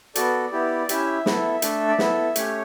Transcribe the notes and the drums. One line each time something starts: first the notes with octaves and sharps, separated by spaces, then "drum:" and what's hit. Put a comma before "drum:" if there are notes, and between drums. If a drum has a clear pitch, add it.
B3 F#4 A4 D5, drum: hi-hat
B3 E4 G4
C#4 E4 G4 E5, drum: hi-hat
B3 E4 A4, drum: snare
A3 D4 A4, drum: hi-hat
D5
B3 E4 A4 E5, drum: snare
A3 C#4 G4 C#5, drum: hi-hat